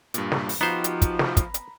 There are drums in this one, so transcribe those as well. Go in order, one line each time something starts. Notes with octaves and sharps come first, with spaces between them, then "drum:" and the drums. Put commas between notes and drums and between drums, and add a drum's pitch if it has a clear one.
G2 A#2, drum: hi-hat
drum: snare
drum: open hi-hat
F3 B3 D#4 F#4 G4 C5 A#5 B5
drum: hi-hat
drum: kick, hi-hat
drum: snare
drum: kick, hi-hat
drum: hi-hat